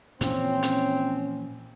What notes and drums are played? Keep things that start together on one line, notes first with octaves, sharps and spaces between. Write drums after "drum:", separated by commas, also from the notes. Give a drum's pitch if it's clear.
A#2 E3 F3 C4 C#4, drum: hi-hat
drum: hi-hat